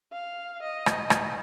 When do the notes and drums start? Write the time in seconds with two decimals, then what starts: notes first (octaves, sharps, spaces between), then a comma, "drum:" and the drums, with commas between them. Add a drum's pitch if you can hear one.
0.12 F5
0.62 D#5
0.86 drum: rim click
1.10 drum: rim click